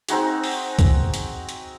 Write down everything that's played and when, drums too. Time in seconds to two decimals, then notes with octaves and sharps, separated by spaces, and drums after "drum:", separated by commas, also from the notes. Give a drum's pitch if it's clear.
0.09 C4 D#4 F#4 G#4, drum: hi-hat
0.44 drum: open hi-hat
0.79 drum: kick C#2, hi-hat
1.14 drum: hi-hat
1.49 drum: hi-hat